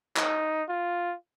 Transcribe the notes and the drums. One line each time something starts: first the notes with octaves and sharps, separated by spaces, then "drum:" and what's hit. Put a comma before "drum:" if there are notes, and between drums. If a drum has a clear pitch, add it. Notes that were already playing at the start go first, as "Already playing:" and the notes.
D#4, drum: clap
F4